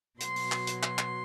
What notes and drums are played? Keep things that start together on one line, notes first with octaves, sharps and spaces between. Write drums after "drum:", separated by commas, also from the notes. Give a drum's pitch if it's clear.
B2 F#3 C6, drum: hi-hat
drum: open hi-hat
drum: clap
drum: hi-hat
C6, drum: clap
drum: clap